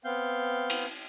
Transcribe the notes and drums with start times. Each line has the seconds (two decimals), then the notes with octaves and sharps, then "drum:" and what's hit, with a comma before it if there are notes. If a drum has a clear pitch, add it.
0.05 B3 C4 F5 G6
0.70 drum: cymbal